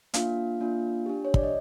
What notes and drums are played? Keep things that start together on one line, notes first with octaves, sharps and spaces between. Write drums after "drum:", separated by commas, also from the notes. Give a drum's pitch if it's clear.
A#3 D4 F4 F5, drum: hi-hat
A#3 D4 F4
D4 G4
C#5
D5, drum: kick
D#5